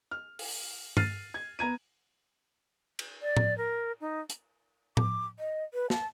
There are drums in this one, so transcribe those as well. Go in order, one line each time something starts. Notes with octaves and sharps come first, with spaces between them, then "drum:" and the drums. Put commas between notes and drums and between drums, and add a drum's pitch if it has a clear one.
F6
drum: open hi-hat
F6 A6 C7 D#7, drum: tom
G#6
B3 A#5 G#6 D#7
drum: cymbal
D5
drum: tom A2
A#4
D#4
drum: hi-hat
D6, drum: tom A2
D#5
B4
A5, drum: snare